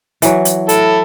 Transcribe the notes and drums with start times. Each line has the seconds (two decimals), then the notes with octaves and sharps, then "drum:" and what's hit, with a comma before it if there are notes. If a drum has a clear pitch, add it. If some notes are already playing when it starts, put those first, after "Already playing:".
0.22 E3 F#3, drum: hi-hat
0.45 drum: hi-hat
0.69 E4 A4, drum: hi-hat